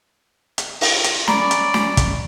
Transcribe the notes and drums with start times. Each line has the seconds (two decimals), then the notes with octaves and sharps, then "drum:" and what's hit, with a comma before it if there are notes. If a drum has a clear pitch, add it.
0.58 drum: hi-hat
0.81 drum: open hi-hat
1.04 drum: hi-hat
1.28 C#4 D5 A#5 B5 C#6, drum: snare
1.51 drum: hi-hat
1.74 drum: snare
1.97 drum: kick, hi-hat